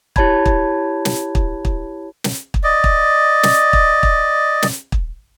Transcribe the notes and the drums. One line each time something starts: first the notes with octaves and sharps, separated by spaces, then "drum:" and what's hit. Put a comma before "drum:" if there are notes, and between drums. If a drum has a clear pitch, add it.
E4 G4 C#5 A5 B5 G#6, drum: kick
drum: kick
drum: snare
drum: kick
drum: kick
drum: snare
drum: kick
D5 D#5
drum: kick
drum: snare
drum: kick
drum: kick
drum: snare
drum: kick